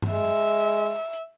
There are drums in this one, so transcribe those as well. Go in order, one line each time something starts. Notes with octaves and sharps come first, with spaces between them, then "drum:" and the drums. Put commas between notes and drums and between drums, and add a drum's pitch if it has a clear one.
drum: tom G2
G#3 E5
drum: hi-hat